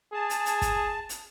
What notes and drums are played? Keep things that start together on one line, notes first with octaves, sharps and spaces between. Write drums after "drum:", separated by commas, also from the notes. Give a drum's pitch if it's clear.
G#4 A5
drum: hi-hat
drum: hi-hat
drum: kick, hi-hat
drum: hi-hat